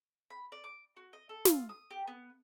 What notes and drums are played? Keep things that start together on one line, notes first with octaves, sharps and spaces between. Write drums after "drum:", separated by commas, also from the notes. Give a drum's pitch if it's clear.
B5
D5
D6
F#4
D#5
A4
F4, drum: snare
D#6
G4
B3